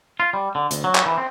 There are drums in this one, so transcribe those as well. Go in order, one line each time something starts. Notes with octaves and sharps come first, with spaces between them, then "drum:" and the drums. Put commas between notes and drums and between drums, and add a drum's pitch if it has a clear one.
F4
G3
D3
D2, drum: hi-hat
F#3
drum: clap
E3
C4